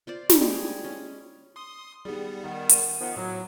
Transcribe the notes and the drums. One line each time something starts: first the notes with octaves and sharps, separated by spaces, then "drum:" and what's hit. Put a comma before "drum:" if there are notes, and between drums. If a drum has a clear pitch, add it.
F4 C5 D5
drum: snare
G3 G#3 G#4
C#4
C6 D#6
D#3 G3 B3 G4 G#4
D#3 F#5
F#5 D#7 E7, drum: hi-hat
D#3 F3 B3
A2 F#3